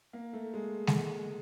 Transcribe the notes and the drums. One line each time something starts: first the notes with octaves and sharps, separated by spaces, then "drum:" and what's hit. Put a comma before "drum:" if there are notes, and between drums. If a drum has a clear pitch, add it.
A#3
A3
G#3
drum: snare G#3